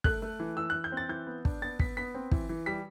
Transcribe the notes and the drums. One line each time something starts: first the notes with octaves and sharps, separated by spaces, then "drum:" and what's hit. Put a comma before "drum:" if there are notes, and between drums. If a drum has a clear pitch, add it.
A3 F#6, drum: kick
A3
E3
E3 E6
F#6
E3
G6
C4
A6
E3 G6
B3
D4, drum: kick
B3 A6
B3 B6, drum: kick
B3 B6
C4
E3, drum: kick
E3
G3 B6